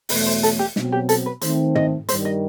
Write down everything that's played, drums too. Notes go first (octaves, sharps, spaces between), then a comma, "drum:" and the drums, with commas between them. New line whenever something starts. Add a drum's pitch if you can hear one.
E2 B2 F#3 A3 B4, drum: open hi-hat
C5
A4, drum: hi-hat
G4
B2 F#3 C4, drum: snare
G4
A4, drum: hi-hat
B4
D#3 A3 C4 C5, drum: hi-hat
D#5, drum: tom
G2 D#3 G3 C5, drum: hi-hat
D#5